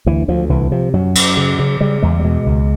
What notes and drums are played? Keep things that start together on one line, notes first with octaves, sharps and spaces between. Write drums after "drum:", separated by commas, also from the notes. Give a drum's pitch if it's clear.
D2 E3
D2 F3
C2 E3
C3 F3
F#2 F#3
F#2, drum: cymbal
C#3
C#3
C#3 G3
E2 G#3
G3
B2 G#3
C#2